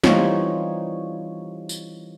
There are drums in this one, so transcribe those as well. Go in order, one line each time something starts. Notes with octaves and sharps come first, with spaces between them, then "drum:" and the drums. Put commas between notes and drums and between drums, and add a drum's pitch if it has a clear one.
E3 G3 C4 D#4 F4 C#5, drum: snare
drum: tambourine